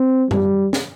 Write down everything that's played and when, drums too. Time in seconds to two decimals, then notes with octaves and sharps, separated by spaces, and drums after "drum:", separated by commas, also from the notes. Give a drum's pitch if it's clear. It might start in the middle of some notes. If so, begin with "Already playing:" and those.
Already playing: C4
0.31 G3, drum: tom F#2
0.73 drum: snare